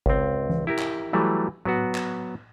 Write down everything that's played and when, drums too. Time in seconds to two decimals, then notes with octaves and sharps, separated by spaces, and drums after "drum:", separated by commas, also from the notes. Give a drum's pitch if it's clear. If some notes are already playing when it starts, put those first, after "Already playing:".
0.06 C#2 C4, drum: kick G#1
0.50 drum: tom E3
0.67 E4 G4 A#4
0.79 drum: clap
1.13 E3 F#3 G3 A3
1.65 F#3 B3 F#4, drum: tom A2
1.95 drum: clap